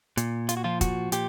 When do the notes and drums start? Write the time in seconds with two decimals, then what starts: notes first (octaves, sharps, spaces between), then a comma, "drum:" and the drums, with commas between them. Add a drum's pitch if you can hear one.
0.17 A#2, drum: hi-hat
0.49 F4, drum: hi-hat
0.57 F#4
0.64 F3 F4
0.81 F#4, drum: kick, hi-hat
1.12 A#2 G4, drum: hi-hat